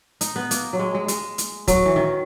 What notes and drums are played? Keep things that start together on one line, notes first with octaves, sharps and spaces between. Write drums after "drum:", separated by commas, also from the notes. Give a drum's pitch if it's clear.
D#4, drum: hi-hat
B3
A#3, drum: hi-hat
F#3
G#3
G#3
G#3, drum: hi-hat
drum: hi-hat
F#3, drum: kick, hi-hat
E3
D#3